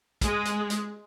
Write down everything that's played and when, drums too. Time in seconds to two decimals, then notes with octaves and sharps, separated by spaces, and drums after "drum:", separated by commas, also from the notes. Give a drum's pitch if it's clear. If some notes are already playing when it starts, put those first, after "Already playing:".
0.21 G#3, drum: kick, hi-hat
0.45 drum: hi-hat
0.70 drum: hi-hat